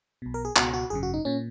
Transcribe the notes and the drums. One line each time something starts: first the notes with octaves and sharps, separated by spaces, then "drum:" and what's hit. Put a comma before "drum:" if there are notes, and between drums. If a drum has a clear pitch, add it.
B1 B2
A#4
G#4
C#2 B2 F#4, drum: clap
F#4
G#1 F#2 C#3 G#4
F#4
D#4
A#2 C#4